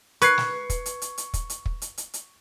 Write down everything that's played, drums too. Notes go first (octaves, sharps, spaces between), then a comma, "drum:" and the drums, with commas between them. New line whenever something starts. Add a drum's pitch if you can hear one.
B4 C#6 G#6 C7, drum: hi-hat
drum: snare
drum: kick, hi-hat
drum: hi-hat
drum: hi-hat
drum: hi-hat
drum: kick, hi-hat
drum: hi-hat
drum: kick
drum: hi-hat
drum: hi-hat
drum: hi-hat